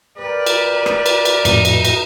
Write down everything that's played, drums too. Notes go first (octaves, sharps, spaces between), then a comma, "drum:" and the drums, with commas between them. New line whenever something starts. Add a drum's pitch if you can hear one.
G4 A#4 B4 D5
drum: cymbal
drum: rim click
drum: cymbal
drum: cymbal
F2 A2 D#4, drum: cymbal
drum: cymbal
drum: cymbal